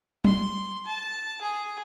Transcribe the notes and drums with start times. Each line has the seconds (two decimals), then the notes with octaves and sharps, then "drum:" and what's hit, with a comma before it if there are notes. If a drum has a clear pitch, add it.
0.25 C6, drum: tom F#3
0.86 A5
1.42 G#4